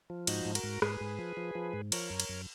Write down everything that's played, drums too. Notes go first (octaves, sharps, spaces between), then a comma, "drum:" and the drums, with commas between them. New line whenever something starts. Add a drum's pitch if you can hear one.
F3
G#2 D#4 F#4, drum: cymbal
G#2
F#4 A#4, drum: cymbal
G#2
G#2 G#4 B4, drum: rim click
G#2
F3
F3
F3
G#2
F3 A#4 C#5, drum: cymbal
F#2
drum: cymbal
F#2